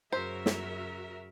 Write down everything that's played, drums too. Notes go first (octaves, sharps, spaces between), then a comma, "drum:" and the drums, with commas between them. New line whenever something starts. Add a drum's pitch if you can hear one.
F#2 C#3 F#4 A#4 C5 E5
drum: snare